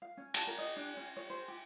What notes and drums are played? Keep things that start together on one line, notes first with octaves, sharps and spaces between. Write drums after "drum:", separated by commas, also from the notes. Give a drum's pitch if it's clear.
F5
C#4
A5, drum: cymbal
A#4
D#5
D4
C#4
C#5
C5
G4